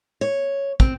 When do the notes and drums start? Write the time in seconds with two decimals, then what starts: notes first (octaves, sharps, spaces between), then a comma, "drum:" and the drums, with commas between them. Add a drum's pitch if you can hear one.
0.21 C#5
0.80 C4, drum: kick